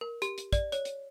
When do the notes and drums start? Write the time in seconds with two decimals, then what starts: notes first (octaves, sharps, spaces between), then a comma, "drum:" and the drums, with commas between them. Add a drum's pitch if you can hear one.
0.01 A#4
0.22 G4, drum: hi-hat
0.38 drum: hi-hat
0.53 D5, drum: kick, hi-hat
0.72 C#5, drum: hi-hat
0.85 drum: hi-hat